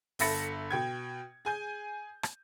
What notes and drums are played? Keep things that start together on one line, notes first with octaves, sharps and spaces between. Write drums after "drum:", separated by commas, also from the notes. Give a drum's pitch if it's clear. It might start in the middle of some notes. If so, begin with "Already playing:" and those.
G1 A4 E5 B5 A#6 C#7, drum: open hi-hat
B2 G5 G#6
G#4 G#5 G6
drum: rim click